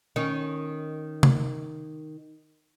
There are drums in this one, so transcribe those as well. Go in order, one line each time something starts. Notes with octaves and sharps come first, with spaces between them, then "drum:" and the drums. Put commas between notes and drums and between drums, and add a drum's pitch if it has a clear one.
D#3 C#4
drum: tom C3